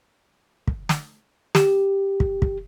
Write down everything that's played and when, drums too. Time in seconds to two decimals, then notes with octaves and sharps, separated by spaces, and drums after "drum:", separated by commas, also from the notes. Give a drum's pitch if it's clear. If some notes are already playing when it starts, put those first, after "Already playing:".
0.67 drum: kick
0.89 drum: snare
1.55 G4, drum: snare
2.20 drum: kick
2.42 drum: kick